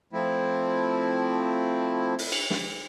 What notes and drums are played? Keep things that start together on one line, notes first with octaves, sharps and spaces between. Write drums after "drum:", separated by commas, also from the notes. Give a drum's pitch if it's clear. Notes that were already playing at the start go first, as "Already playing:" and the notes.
F3 A3 C4 E4
drum: open hi-hat
drum: cymbal
drum: snare